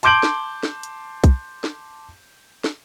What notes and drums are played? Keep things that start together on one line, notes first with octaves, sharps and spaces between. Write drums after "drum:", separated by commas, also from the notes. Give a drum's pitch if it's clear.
A5 C6 D6 G6 D7 F#7, drum: hi-hat
drum: snare
drum: snare
drum: hi-hat
drum: kick B1, hi-hat
drum: snare
drum: snare